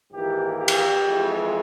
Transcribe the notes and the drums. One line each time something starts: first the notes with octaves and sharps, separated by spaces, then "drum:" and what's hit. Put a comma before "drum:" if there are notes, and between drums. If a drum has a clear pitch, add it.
G#1 G#2 E3 A#3 G4
G4
drum: cymbal
F2 E3 G#3